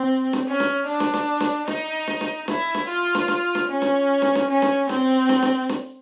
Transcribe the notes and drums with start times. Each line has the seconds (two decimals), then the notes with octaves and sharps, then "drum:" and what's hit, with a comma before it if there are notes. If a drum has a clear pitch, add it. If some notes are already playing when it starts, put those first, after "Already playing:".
Already playing: C4
0.33 drum: snare
0.47 C#4
0.60 drum: snare
0.87 D4
1.00 drum: snare
1.14 drum: snare
1.40 drum: snare
1.68 D#4, drum: snare
2.07 drum: snare
2.21 drum: snare
2.48 E4, drum: snare
2.74 drum: snare
2.88 F4
3.15 drum: snare
3.28 drum: snare
3.55 drum: snare
3.68 C#4
3.82 drum: snare
4.22 drum: snare
4.35 drum: snare
4.48 C#4
4.62 drum: snare
4.89 C4, drum: snare
5.29 drum: snare
5.43 drum: snare
5.69 drum: snare